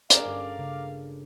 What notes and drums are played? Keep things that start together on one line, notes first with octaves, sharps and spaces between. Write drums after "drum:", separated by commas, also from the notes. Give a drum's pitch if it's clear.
C#4 D4 G#4 A#4 D5 F5, drum: hi-hat
G1 G2 D6
C#3 A#3